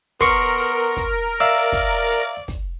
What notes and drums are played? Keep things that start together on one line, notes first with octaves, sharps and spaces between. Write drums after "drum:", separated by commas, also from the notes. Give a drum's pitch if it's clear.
B3 A#4 C6 C#6, drum: kick, hi-hat
drum: hi-hat
drum: kick, hi-hat
D5 E5 F5 E6
drum: kick, hi-hat
drum: hi-hat
drum: kick, hi-hat